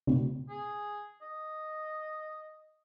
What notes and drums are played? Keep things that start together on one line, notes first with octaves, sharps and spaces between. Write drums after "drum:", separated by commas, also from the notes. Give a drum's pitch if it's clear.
drum: tom
G#4
D#5